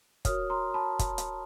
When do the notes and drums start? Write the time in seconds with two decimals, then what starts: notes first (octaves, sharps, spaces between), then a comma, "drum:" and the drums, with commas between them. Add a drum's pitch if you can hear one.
0.25 F#4 A#4 C#5 D#6 F6, drum: kick, hi-hat
0.50 A#5 C6
0.74 A5 B5
0.99 drum: kick, hi-hat
1.18 drum: hi-hat